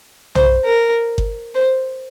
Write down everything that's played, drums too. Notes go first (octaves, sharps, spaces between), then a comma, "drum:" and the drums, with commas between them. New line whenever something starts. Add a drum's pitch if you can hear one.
C5, drum: tom B1
A#4
drum: kick G1
C5